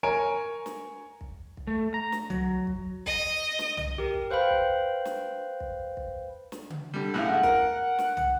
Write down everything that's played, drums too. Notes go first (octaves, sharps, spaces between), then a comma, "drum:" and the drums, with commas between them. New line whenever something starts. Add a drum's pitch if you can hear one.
A#4 C#5 G#5 A#5 D7
drum: snare
drum: kick
drum: kick
A3
A#5
drum: snare
F#3, drum: tom
drum: kick
D#5, drum: kick
drum: snare
drum: tom
G4 A#4
drum: kick
B4 C5 F5 G5 B5
drum: kick
drum: snare
drum: kick
drum: kick
drum: snare
drum: tom C#3
D3 G3
B1 A2 C#3 F#5
A#4, drum: kick
drum: snare
drum: tom